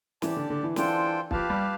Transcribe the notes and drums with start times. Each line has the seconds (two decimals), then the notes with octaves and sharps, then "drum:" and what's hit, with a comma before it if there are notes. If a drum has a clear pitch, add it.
0.22 E3 G4 D5 A5, drum: snare
0.37 D3
0.50 D3
0.63 E3
0.76 E3 D4 F4 A4 C5 G5, drum: snare
1.31 F3 G4 B4 F5 A5, drum: kick
1.50 G3